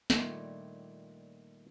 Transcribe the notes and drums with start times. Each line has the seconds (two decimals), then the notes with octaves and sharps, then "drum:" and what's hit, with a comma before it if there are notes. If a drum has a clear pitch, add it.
0.10 A#2 D#3 G3 A3 D4 F4, drum: snare